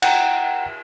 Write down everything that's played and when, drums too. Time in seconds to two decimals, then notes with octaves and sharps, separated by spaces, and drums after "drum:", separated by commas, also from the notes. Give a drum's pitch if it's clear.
0.02 F#5 G5 A#5, drum: cymbal